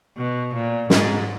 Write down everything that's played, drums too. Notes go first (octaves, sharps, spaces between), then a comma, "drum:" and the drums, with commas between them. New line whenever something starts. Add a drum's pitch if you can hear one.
B2
A#2
G#2, drum: snare